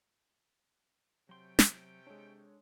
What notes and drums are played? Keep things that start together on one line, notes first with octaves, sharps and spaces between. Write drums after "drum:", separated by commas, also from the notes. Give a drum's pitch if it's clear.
C3 F#3 A3 C#4 G5 C6
drum: snare
G#3 D4 A4 C#5